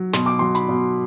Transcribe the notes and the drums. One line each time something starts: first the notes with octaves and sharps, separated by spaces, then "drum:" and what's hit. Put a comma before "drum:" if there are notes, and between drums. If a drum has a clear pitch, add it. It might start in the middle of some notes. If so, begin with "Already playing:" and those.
Already playing: F#3
B2 C6, drum: snare
D6
F#3 C6
B5, drum: hi-hat
B2